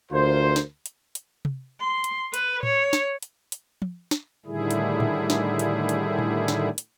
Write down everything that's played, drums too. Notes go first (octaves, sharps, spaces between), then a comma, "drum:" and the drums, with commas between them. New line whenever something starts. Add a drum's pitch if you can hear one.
D2 F4 A#4 C5
drum: snare
drum: hi-hat
drum: hi-hat
drum: tom C3
C6
drum: hi-hat
B4, drum: hi-hat
C#5, drum: tom A2
drum: snare
drum: hi-hat
drum: hi-hat
drum: tom
drum: snare
A2 D3 D#3 G3 E4 G#4
drum: hi-hat
drum: tom A2
drum: snare
drum: hi-hat
drum: hi-hat
drum: tom A2
drum: snare
drum: hi-hat